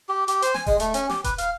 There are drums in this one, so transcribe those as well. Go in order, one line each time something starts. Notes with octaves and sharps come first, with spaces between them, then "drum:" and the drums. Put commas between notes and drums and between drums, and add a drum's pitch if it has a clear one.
G4
G4, drum: hi-hat
C5, drum: hi-hat
G#5, drum: snare
G#3, drum: kick D#1, open hi-hat
A3, drum: hi-hat
C#4, drum: hi-hat
G4, drum: snare
B4, drum: kick D#1, hi-hat
F5, drum: hi-hat